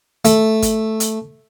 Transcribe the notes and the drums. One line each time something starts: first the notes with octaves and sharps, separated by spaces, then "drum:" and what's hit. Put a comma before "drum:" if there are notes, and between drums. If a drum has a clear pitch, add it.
A3, drum: hi-hat
drum: kick G#1, hi-hat
drum: hi-hat